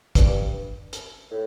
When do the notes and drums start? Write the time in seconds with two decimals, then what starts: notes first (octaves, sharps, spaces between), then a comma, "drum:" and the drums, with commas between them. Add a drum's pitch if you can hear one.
0.15 G2, drum: kick, hi-hat
0.93 drum: hi-hat
1.31 A2